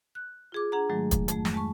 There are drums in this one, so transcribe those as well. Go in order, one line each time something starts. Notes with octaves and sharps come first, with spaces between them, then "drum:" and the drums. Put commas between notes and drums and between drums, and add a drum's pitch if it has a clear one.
F#6
F4 G#4 D6
D4 G#4 F#5 A#5
G#2 D#3 F#3 G#3 A3
drum: kick, hi-hat
F2 A3, drum: hi-hat
drum: snare
G#3 A5 C#6